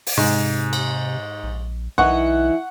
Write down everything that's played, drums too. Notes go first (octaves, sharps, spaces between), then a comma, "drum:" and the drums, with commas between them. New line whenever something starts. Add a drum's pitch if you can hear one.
drum: open hi-hat
G#2 C3
drum: cymbal
A#1
B1 E3 D#4 F#5 C#6